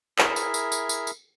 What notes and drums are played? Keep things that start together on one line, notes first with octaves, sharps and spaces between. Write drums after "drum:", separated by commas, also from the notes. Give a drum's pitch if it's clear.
E4 G#4 A#4 E5, drum: clap
drum: tambourine
drum: tambourine
drum: tambourine
drum: tambourine
drum: tambourine